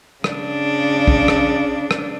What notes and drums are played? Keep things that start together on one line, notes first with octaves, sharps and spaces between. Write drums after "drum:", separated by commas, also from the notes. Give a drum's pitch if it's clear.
C#3 D4, drum: rim click
drum: kick
drum: rim click
drum: rim click